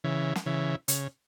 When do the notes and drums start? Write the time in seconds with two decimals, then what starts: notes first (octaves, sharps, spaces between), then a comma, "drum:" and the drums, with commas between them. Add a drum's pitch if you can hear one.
0.04 C#3 E3
0.36 drum: snare
0.46 C#3 E3
0.88 C#3, drum: hi-hat